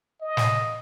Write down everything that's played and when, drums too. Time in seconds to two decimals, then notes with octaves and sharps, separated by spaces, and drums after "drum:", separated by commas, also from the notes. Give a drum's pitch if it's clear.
0.21 D#5
0.37 drum: snare